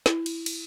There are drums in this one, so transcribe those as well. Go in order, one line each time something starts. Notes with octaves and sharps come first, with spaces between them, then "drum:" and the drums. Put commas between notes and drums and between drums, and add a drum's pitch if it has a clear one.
E4, drum: snare
drum: cymbal
drum: cymbal